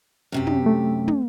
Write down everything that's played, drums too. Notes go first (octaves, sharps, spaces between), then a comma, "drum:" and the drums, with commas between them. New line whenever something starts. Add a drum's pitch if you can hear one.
F#2 C3 G4
drum: tom
A3
drum: tom